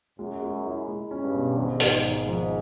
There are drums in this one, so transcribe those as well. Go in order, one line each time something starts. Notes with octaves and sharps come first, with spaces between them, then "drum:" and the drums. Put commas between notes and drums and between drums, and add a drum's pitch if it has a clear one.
F#2 G#3
G#3
E4
G#3
C#4
G2
B2
G#1 G#2
G#1, drum: open hi-hat
G#2
G#1
G#2 F3